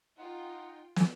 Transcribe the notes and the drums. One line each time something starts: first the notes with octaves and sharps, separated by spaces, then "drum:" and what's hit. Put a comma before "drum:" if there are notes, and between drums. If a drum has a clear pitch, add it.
D#4 F4 F#5 G5
drum: snare